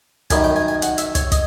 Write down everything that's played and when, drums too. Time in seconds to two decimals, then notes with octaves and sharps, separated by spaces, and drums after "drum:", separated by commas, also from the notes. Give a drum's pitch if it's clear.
0.30 F#2 D#3 G3 A#3 G#5, drum: kick, hi-hat
0.44 G5
0.56 G#5
0.68 G#5
0.82 F#5, drum: hi-hat
0.98 E5, drum: hi-hat
1.15 C#5, drum: kick, hi-hat
1.32 D#5, drum: kick, hi-hat